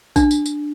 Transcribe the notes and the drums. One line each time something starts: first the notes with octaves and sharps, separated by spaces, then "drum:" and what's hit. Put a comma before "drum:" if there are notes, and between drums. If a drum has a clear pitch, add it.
D4, drum: kick A#1, tambourine
drum: tambourine
drum: tambourine